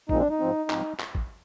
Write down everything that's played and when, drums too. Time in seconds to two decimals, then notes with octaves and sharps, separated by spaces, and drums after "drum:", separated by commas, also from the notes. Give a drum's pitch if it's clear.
0.09 A#2 F3 G#3 C4 D#4, drum: kick
0.19 D4
0.30 D#4
0.40 G#2 F3 C4
0.70 G#2 F3 C4, drum: clap
1.00 drum: clap
1.15 drum: kick